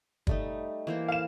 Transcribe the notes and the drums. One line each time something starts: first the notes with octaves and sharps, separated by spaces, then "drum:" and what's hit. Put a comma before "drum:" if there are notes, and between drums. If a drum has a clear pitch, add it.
G3 A3 D#4, drum: kick
E3 A#3 C5
F5 E7